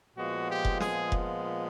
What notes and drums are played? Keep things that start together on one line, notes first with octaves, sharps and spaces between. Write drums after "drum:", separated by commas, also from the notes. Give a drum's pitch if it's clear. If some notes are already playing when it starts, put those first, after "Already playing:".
A#2 F3 G#3 B3 F#4
G4
drum: kick F1
G#4, drum: snare
drum: kick F1